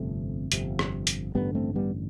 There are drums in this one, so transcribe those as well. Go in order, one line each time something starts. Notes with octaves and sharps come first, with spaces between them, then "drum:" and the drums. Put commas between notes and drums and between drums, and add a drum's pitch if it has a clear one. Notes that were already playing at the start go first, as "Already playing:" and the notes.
Already playing: G1 F2 C3 A3 C4
G1 F2 C3, drum: hi-hat
drum: rim click
drum: hi-hat
A1 G2 D3 G3 B3
A3 C4
G3 B3